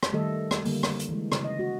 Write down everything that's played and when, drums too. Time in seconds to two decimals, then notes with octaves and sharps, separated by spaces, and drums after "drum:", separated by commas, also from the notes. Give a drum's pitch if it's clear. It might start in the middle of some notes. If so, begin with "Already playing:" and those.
0.03 drum: rim click
0.12 D#3 G3 A3 A4 D#5
0.51 drum: rim click
0.65 D3 G3 A#3, drum: open hi-hat
0.83 drum: rim click
0.99 drum: hi-hat
1.09 E3 G#3
1.32 C#3, drum: rim click
1.44 D#5
1.59 F#4